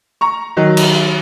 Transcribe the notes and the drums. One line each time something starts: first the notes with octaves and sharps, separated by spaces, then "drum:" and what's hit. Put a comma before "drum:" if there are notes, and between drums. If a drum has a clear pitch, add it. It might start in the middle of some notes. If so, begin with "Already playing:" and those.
A#5 C#6
D#3 F#3
drum: cymbal